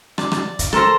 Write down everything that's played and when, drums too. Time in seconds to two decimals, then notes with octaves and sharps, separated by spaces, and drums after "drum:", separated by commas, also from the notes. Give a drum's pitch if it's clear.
0.18 D5, drum: rim click
0.32 drum: rim click
0.59 drum: kick, hi-hat
0.73 A4 A#4 C5 A#5, drum: rim click